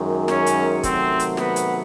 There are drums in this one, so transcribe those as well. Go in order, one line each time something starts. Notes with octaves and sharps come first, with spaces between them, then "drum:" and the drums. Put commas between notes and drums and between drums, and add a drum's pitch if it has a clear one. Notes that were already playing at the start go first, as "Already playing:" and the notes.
Already playing: F#2 D#3 G#3
C#4, drum: snare
drum: hi-hat
C3 D#3 F#3 A3 C4, drum: kick, hi-hat
drum: hi-hat
B3, drum: snare
drum: hi-hat